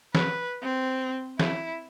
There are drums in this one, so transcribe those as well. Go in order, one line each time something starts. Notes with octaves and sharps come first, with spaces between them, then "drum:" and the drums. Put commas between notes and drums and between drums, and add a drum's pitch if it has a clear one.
B4, drum: snare F3
C4
E4, drum: snare F3